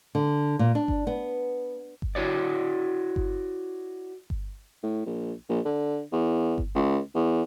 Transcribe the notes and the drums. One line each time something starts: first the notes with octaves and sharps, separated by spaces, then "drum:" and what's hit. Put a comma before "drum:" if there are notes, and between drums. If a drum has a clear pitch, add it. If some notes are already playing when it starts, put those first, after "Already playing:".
D3
A#2
D4
drum: kick G1
B3
drum: kick G1
E4 F#4 C#5 D5
drum: kick G1
drum: kick G1
A2
A#1
A#1
D3
E2
drum: kick G1
C#2
E2